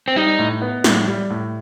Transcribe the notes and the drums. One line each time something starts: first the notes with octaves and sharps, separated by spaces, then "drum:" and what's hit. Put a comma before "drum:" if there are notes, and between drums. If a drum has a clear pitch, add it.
C4
G3 D#4
A2
B3
A2, drum: snare
G3
A2